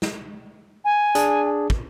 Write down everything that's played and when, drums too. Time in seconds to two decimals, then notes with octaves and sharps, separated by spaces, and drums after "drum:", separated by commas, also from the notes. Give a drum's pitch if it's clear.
0.02 drum: snare
0.85 G#5
1.15 D4 G#4, drum: hi-hat
1.70 drum: kick